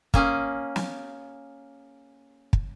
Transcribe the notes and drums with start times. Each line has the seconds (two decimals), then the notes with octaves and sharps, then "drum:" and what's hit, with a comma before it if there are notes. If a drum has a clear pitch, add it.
0.14 A#3 C#4 G#4, drum: kick
0.76 drum: snare
2.53 drum: kick